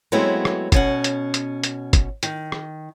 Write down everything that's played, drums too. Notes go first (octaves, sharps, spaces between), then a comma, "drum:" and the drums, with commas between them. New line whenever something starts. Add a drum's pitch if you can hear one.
F#3 G#3 A3 B3 C4 E4
drum: rim click
B2 C#4 F#5, drum: kick, hi-hat
drum: hi-hat
drum: hi-hat
drum: hi-hat
drum: kick, hi-hat
D#3, drum: hi-hat
drum: rim click